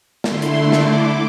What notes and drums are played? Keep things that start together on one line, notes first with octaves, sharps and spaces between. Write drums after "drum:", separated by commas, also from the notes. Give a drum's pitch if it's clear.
D3 A3 E4 C6, drum: snare
drum: hi-hat
D6, drum: snare